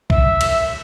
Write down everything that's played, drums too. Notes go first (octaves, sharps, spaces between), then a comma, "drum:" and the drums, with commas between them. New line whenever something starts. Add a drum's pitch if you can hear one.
E5, drum: kick
drum: cymbal